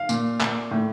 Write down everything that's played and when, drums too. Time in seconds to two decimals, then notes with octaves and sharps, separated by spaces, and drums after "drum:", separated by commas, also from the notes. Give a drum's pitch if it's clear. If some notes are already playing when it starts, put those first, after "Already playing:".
Already playing: F5
0.09 A#2, drum: tambourine
0.40 A#2, drum: clap
0.71 A2